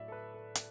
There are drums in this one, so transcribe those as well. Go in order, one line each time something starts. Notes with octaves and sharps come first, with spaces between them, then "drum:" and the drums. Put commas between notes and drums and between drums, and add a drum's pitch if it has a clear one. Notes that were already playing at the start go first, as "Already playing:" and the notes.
Already playing: A2 F#3 A3 D5 E5
A4
B4
A4
drum: hi-hat